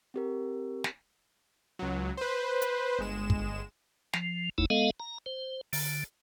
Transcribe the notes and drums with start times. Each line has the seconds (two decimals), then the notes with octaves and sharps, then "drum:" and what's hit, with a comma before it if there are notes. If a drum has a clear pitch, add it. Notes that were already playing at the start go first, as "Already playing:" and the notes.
0.14 C4 G4 A#4
0.84 drum: snare
1.79 C#2 F#3
2.17 B4 C5
2.62 drum: hi-hat
2.99 G1 G#3 E7
3.30 drum: kick
4.13 F3, drum: snare
4.58 F#1 E2 A3 D#4 E4
4.70 G#3 B3 A4 D#5 F5
5.00 A#5
5.26 C5
5.73 D3, drum: open hi-hat